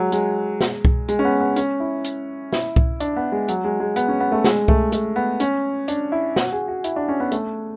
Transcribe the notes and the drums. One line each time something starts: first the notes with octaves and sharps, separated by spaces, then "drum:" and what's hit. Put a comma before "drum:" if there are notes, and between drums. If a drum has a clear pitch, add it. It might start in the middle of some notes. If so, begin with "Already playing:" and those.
Already playing: F#3 G#3
G#3, drum: hi-hat
drum: snare
drum: kick C2
G#3, drum: hi-hat
C#4
B3
B3
C#4, drum: hi-hat
E4
drum: hi-hat
E4, drum: snare
drum: kick C2
D4, drum: hi-hat
B3
G#3
F#3, drum: hi-hat
G#3
G#3
B3, drum: hi-hat
C#4
B3
A3
G#3, drum: snare
A3, drum: kick C2
A3, drum: hi-hat
B3
C#4, drum: hi-hat
D4, drum: hi-hat
E4
F#4, drum: snare
G#4
F#4
E4, drum: hi-hat
D4
C#4
B3
A3, drum: hi-hat